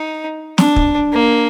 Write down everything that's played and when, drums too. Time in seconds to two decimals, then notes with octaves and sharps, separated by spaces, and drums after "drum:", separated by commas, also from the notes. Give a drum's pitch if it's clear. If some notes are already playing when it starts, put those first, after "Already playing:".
Already playing: D#4
0.58 D4, drum: snare
0.76 drum: kick
1.13 A#3